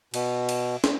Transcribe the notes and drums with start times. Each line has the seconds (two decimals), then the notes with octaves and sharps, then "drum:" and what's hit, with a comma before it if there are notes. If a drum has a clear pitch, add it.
0.14 B2, drum: cymbal
0.49 drum: cymbal
0.84 drum: snare